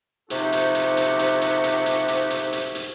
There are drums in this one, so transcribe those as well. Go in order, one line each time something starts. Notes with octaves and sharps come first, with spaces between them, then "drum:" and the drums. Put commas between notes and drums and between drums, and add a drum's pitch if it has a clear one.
C3 F3 D#4 F#4 G4 A4, drum: hi-hat
drum: hi-hat
drum: hi-hat
drum: hi-hat
drum: hi-hat
drum: hi-hat
drum: hi-hat
drum: hi-hat
drum: hi-hat
drum: hi-hat
drum: hi-hat
drum: hi-hat